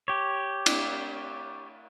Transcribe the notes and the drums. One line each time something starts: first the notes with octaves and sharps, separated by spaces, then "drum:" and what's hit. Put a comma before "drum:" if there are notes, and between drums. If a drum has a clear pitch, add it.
G4 C#5
drum: cymbal